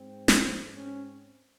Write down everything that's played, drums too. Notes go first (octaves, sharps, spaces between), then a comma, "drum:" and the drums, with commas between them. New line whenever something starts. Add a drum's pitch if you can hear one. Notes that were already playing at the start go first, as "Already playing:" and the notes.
Already playing: G#2 C4
F3 F4, drum: snare
C#4